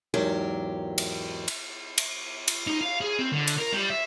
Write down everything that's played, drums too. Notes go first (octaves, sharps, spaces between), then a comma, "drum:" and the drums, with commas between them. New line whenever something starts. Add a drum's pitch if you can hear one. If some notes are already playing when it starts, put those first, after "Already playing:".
E2 G#2 F#3 G4 A#4
drum: cymbal
drum: cymbal
drum: cymbal
drum: cymbal
D#4
F5
G#4
C4
D3
drum: cymbal
A#4
G3
E5